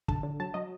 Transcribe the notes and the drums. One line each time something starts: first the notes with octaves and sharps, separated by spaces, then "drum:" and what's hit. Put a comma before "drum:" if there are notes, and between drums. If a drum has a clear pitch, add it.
D3 A5, drum: kick
D3
F#3 A5
F#3 D#5